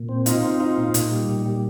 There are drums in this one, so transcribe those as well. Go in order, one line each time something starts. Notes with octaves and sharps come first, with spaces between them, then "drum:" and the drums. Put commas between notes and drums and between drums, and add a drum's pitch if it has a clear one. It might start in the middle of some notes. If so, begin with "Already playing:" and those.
Already playing: A#2
C4
D#4 F4, drum: hi-hat
C4
D#4 F4
A#2
A#2, drum: hi-hat
G3
A#2
G3